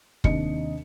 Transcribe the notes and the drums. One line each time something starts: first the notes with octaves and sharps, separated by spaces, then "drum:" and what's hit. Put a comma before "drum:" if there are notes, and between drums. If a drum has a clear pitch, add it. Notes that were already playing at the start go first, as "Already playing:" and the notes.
D#2 C3 D4 D#5 C#7, drum: kick